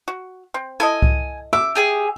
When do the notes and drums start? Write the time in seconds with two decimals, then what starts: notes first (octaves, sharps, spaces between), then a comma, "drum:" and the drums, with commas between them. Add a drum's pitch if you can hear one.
0.08 F#4
0.54 C4
0.80 E4 A4 D#5 G#5
1.02 drum: kick C2
1.53 E5 D6 E6
1.75 G4 G#4 G#5